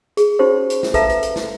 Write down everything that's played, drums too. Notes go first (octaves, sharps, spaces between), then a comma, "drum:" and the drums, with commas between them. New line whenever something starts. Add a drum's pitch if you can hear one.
G#4, drum: hi-hat
C#4 D#4 F#4 G4 C5 C#5
drum: hi-hat
drum: snare
A4 B4 E5 F5 A5 A#5, drum: kick, hi-hat
drum: hi-hat
drum: hi-hat
drum: snare